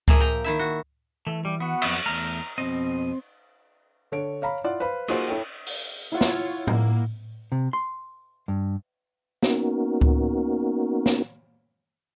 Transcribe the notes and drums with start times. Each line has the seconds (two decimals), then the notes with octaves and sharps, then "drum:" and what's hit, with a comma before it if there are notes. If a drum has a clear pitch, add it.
0.08 F3 A#3 G#4 A#4 E5 A#5, drum: kick C#2
0.20 G5 A#5
0.44 D#3 E4 E5
0.59 F#4
1.27 E3 A3
1.45 G3
1.60 B3 F#4
1.82 F2 F#3 E5, drum: cymbal
2.06 E2 A3 A#5 F6
2.58 F2 B2 C4 D#5
4.12 D3 A4 C#5 D7
4.42 C#5 F5 A#5 B5
4.64 E4 F4 D5 F#5
4.80 B4 C5 F5 B5
5.08 A#3 D#4 F4 F#4 G#4 C5, drum: cymbal
5.28 E4 A4 C#5 G5
5.66 drum: open hi-hat
6.12 E4 F4 C#5 F#5
6.21 drum: snare
6.67 A#3, drum: tom A2
7.52 C3
7.73 C6
8.48 G2
9.43 A#3 B3 C#4 D#4 F#4 A#4, drum: snare
10.01 drum: kick C#2
11.06 drum: snare